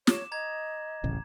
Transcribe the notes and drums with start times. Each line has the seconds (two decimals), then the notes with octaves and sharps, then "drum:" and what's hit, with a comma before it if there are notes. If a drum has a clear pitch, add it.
0.07 C#5 D6 E7, drum: snare
0.32 D#5 A#5 G#6
1.04 D1 A1 C#3